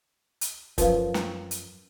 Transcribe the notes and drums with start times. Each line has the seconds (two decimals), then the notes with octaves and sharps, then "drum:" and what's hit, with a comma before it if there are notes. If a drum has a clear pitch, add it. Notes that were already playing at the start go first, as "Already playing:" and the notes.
0.41 drum: hi-hat
0.78 F#2 F3 A#4 B4 F5, drum: kick, hi-hat
1.14 drum: snare
1.51 drum: hi-hat